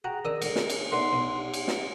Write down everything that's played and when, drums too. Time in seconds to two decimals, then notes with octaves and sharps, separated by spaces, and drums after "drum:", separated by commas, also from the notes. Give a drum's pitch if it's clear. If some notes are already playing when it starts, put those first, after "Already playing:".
0.04 F#4 G#4 G5 A#5 F#6
0.25 D#3 D4 D#6 E6 A#6
0.42 G#2 D3 A#4, drum: cymbal
0.56 drum: snare
0.70 drum: cymbal
0.92 A3 B3 D4 D#4 E5 F#5 C6
1.13 B1
1.34 G4
1.54 drum: cymbal
1.68 drum: snare